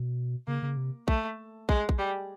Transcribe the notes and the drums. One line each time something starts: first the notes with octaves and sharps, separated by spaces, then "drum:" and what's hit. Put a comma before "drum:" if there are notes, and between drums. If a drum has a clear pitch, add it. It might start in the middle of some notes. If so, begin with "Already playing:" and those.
Already playing: B2
C#3 A#3
C#3
C3
A3, drum: kick
G#3, drum: kick
drum: kick
G3